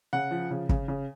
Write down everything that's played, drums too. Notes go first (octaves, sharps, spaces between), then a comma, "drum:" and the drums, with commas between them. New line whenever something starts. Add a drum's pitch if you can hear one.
C#3 F#5
F3
C#3
C#3, drum: kick
C#3